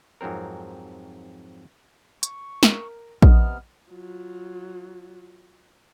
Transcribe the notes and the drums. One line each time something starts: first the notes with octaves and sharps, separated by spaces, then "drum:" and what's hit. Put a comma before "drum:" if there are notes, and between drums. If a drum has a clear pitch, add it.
F2 G#2 F#3 C4 A#4
C#6, drum: hi-hat
A#4, drum: snare
C3 B3 D#5 F6, drum: kick A#1
F#3 F4